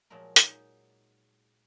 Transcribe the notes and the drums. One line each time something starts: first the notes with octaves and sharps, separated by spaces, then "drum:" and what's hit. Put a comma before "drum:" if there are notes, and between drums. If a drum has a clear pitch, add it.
A#2 F3 F#3 G#3 A#4
D#4 G#5, drum: hi-hat